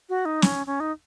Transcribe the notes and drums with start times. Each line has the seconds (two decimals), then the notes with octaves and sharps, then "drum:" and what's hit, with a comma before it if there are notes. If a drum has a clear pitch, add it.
0.09 F#4
0.25 D#4
0.42 C#4, drum: snare
0.67 C#4
0.80 D#4